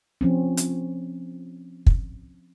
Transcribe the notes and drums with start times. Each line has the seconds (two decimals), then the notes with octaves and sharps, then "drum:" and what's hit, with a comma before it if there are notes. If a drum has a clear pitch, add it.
0.21 F3 C4 C#4
0.57 drum: hi-hat
1.86 drum: kick